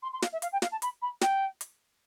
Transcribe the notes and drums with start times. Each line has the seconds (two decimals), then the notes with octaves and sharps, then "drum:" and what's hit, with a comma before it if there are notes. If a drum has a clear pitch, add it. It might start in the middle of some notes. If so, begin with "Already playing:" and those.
0.02 C6
0.13 C6
0.22 F5, drum: snare
0.32 E5
0.42 F5, drum: hi-hat
0.52 G5
0.62 F5, drum: snare
0.71 A5
0.82 B5, drum: hi-hat
1.02 B5
1.21 G5, drum: snare
1.61 drum: hi-hat